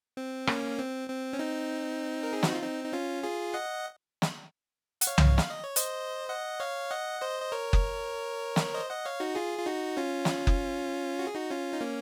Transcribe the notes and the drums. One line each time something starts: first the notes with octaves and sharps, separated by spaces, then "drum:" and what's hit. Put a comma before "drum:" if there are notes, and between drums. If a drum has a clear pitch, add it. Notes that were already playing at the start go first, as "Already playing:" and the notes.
C4
A#3 C#4, drum: rim click
C4
C4
C#4
C4 D#4
A#4
G#4
F#4, drum: snare
F4
C4 D#4
D#4
C#4 F4
F4 G#4
D#5 F#5
drum: snare
F#5, drum: hi-hat
C#5 F5
drum: tom C2
F5, drum: snare
D#5
C#5
C5 D#5, drum: hi-hat
D#5 F#5
C#5 F5
D#5 F#5
C5 D#5
D#5
A#4 C#5
drum: kick F#1
drum: snare
C5 D#5
D#5 F#5
C#5 F5
D#4 F#4
F4 G#4
F4
D#4 F#4
C#4 F4
drum: snare
drum: kick F#1
F#4
G#4
D#4 F#4
C#4 F4
D#4
A#3 C#4